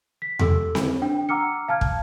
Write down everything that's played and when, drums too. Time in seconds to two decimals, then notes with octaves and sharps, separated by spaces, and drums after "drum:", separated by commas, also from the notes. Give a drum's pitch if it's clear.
0.22 B6
0.39 G4 A4 E6, drum: tom E2
0.75 drum: snare C4
1.02 D4 G5
1.29 F#5 A#5 D6 E6 F6 C#7
1.68 F5 A5 F6 G#6
1.81 drum: kick